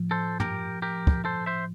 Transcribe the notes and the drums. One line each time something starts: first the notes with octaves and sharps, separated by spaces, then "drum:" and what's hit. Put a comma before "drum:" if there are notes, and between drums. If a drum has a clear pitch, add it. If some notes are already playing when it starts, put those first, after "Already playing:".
Already playing: A2 F3
A4 C5
G4 A#4, drum: tom G#2
G4 A#4
drum: kick
A4 C5
C5 E5